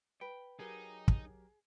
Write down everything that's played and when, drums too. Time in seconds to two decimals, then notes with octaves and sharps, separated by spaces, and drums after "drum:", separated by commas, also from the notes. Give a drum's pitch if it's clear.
0.21 B4 G5
0.59 F#3 D#4 G4 G#4 A#4
1.08 drum: kick